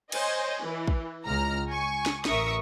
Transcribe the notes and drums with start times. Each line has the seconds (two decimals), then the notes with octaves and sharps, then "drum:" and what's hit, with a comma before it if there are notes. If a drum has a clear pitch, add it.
0.12 C5 C#5 D#5 G#5, drum: cymbal
0.64 E3
0.88 drum: kick
1.26 C#2 G#3 A#5 F6
1.69 G#5 C#6
2.06 drum: snare
2.25 A1 A#4 E5 C#6 D#6, drum: snare